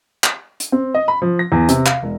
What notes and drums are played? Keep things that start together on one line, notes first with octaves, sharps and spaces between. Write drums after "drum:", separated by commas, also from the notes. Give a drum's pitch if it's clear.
drum: clap
drum: hi-hat
C4
D#5
B5
F3
A#6
E2
C3, drum: hi-hat
F5, drum: clap
E1